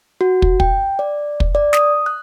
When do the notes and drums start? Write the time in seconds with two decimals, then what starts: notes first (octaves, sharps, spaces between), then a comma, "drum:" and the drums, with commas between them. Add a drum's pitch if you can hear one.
0.21 F#4
0.42 drum: kick
0.60 G5, drum: kick
0.99 D5
1.40 drum: kick
1.55 D5
1.73 D#6, drum: snare
2.06 F#6